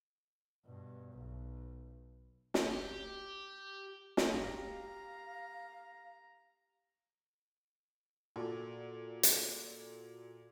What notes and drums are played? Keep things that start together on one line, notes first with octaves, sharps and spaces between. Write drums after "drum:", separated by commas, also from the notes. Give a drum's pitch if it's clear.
G2 B2
B1
drum: snare
G4
drum: snare
G4 F5 A#5
A#2 F#4 A4 D5
drum: hi-hat